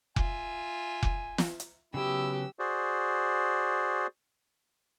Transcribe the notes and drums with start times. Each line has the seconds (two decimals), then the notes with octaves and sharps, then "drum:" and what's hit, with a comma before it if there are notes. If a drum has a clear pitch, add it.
0.16 F4 E5 G#5, drum: kick F1
1.03 drum: kick F1
1.38 drum: snare
1.60 drum: hi-hat
1.94 C#3 F#3 B3 E4 G4 E6
2.59 F#4 G#4 C5 D5